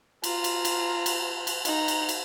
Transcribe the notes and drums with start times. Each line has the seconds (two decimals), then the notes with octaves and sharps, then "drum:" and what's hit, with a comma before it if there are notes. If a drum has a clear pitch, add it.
0.24 F4 A#5, drum: cymbal
0.44 drum: cymbal
0.65 drum: cymbal
1.06 drum: cymbal
1.47 drum: cymbal
1.65 D#4 A#5, drum: cymbal
1.88 drum: cymbal
2.09 drum: cymbal